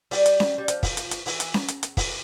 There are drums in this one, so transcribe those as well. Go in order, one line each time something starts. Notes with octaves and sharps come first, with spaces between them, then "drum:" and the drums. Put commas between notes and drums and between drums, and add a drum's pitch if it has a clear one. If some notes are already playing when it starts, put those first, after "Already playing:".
G3, drum: open hi-hat
drum: hi-hat
drum: snare C#4
G3
F3, drum: hi-hat
drum: kick, open hi-hat
drum: hi-hat
drum: hi-hat
E3, drum: open hi-hat
drum: hi-hat
drum: snare C#4
drum: hi-hat
drum: hi-hat
drum: kick, open hi-hat